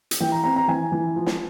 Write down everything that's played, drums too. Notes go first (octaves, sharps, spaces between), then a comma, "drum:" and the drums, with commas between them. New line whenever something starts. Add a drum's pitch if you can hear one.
drum: hi-hat
E3 G5
A#5
C4 A#5
A#5
E3 G#5
E3
F3
drum: snare